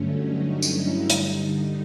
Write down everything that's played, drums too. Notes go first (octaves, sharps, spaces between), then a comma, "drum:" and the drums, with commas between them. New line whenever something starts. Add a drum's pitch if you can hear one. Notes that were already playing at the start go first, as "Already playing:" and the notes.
Already playing: G2 D3 F#3 A3 C#4
D#4
E4, drum: tambourine
G2 D3 G3 D#4, drum: hi-hat